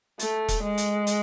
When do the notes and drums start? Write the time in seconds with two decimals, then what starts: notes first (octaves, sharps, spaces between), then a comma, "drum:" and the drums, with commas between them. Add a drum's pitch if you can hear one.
0.20 A3, drum: hi-hat
0.49 drum: kick E1, hi-hat
0.63 G#3
0.78 drum: hi-hat
1.07 drum: hi-hat